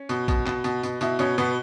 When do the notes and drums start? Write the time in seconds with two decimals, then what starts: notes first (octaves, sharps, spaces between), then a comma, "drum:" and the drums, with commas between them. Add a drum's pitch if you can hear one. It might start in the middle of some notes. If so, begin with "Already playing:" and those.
Already playing: C#4
0.09 B2, drum: tambourine
0.28 B2, drum: kick, tambourine
0.46 B2, drum: clap
0.64 B2, drum: tambourine
0.83 B2, drum: tambourine
1.01 B2 E4, drum: tambourine
1.19 B2 C#4, drum: tambourine
1.38 B2 B3, drum: tambourine